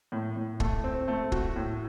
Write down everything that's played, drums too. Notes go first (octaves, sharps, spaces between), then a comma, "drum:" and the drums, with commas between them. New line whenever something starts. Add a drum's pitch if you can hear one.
A2
A2
A3, drum: kick
C4
A3
F#4, drum: kick
A2